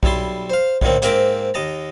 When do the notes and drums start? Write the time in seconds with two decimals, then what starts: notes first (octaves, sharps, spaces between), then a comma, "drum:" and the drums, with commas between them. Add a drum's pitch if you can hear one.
0.03 B1 G3 E4 A5 C6, drum: kick B1
0.50 C5 F5
0.82 A2 D3 D#3 A#3 C4, drum: kick B1
1.02 G#2 A#3 C4 A#4 E5 D6, drum: hi-hat
1.54 D#2 D#5 A5 A#5